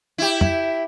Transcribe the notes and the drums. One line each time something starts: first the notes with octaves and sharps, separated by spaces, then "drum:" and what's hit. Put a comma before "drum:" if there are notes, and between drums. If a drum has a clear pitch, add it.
E4 G4
drum: tom